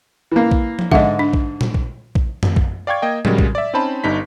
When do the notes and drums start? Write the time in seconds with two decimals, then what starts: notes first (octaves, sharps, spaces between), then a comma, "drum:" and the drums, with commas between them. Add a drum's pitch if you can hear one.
0.32 E3 A#3
0.51 drum: kick A#1
0.79 drum: tom F3
0.92 G#2 D3 D#5 E5, drum: kick A#1
1.19 D4
1.33 drum: kick A#1
1.61 drum: tom A#2
1.74 drum: kick A#1
2.15 drum: kick A#1
2.43 drum: tom F#2
2.56 drum: kick A#1
2.87 D5 F5 G5 C#6 G#6
3.02 A#3 D#5 G5
3.25 C#3 G3 G#3 F#4 A#4, drum: tom A2
3.38 drum: kick A#1
3.55 D5 E5
3.74 C4 C#4 D#4 C5 A5 B5
4.04 G1 G2 D#4 B6